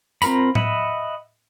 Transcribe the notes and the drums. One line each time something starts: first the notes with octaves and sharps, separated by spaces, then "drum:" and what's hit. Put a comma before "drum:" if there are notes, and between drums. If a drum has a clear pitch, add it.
C4 F4 A#4 A#5 B5, drum: tambourine
D#5 E5 F#5 B5, drum: tom A2